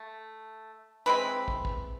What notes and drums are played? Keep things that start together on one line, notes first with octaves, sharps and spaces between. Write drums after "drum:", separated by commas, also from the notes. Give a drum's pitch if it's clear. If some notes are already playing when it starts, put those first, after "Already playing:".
Already playing: A3
E3 G#3 C4 B4
drum: kick
drum: kick